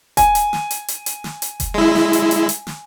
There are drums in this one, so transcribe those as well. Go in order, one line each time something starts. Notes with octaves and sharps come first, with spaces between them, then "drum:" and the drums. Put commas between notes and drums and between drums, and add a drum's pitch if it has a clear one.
G#5, drum: kick F1, hi-hat
drum: hi-hat
drum: snare
drum: hi-hat
drum: hi-hat
drum: hi-hat
drum: snare
drum: hi-hat
drum: kick F1, hi-hat
G#3 E4
drum: snare
drum: hi-hat
drum: hi-hat
drum: hi-hat
drum: snare